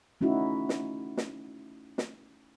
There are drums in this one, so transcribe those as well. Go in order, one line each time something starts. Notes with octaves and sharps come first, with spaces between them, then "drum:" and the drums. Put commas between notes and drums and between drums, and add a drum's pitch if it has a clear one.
A3 C#4 D#4 E4 F#4
drum: snare
drum: snare
drum: snare